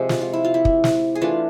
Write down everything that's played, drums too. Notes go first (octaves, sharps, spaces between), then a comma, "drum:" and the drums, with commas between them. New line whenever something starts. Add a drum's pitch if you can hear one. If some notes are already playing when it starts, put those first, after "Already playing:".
Already playing: C3 F3 G#3 G#4
F4, drum: snare
F4
E4
F4
E4
drum: kick
drum: snare
G#4
E3 A3 D4 F4